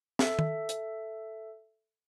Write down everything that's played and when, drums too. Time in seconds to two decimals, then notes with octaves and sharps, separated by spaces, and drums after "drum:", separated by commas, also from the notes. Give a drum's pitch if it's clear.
0.19 A4 E5, drum: snare
0.39 drum: tom D#3
0.69 drum: hi-hat